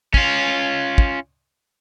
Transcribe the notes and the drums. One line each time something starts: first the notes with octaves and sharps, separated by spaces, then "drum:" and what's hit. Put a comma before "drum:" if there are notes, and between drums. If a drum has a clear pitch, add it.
C#4 F4, drum: kick
drum: kick